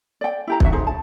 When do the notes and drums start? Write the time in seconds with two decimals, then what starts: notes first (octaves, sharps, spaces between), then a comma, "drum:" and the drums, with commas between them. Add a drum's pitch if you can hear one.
0.21 D5 G5
0.47 E4 G4 A#5
0.60 D4 F#4 E5, drum: kick
0.72 D#4 G#4 C5
0.87 A5